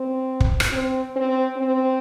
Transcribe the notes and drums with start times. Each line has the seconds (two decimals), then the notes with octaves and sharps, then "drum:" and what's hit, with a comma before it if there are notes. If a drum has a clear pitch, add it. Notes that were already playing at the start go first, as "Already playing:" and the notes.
Already playing: C4
0.40 drum: kick
0.60 drum: rim click
0.72 C4
1.16 C4
1.57 C4